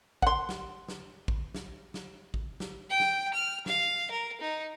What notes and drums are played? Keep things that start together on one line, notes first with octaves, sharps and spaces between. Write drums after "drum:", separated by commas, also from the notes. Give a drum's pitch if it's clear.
F#5 C6, drum: kick A1
drum: snare
drum: snare
drum: kick A1
drum: snare
drum: snare
drum: kick A1
drum: snare
G5
drum: snare
F6
F5, drum: snare
A#4
D#4